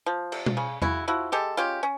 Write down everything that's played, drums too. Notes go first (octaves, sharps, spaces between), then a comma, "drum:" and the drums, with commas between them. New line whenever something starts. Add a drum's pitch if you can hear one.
F3
C3, drum: cymbal
drum: tom B2
C#3
C#3 E4 F#4, drum: tom E2
F3 E4 F#4
G#3 G4 A4
C#4 F4 G4
C#4